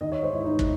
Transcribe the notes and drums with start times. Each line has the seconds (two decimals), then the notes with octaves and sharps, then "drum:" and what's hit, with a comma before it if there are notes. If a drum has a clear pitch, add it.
0.01 D#3 D#5
0.12 C#5
0.22 G#2 C5
0.33 E4
0.44 G#2 D#4
0.59 drum: kick